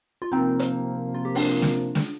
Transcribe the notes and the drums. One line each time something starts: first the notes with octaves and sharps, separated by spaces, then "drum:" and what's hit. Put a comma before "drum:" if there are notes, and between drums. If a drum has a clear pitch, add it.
F4
C3 F3 A#3 C4 D#4
drum: hi-hat
F4
G4
D4 F4, drum: open hi-hat
drum: snare
drum: snare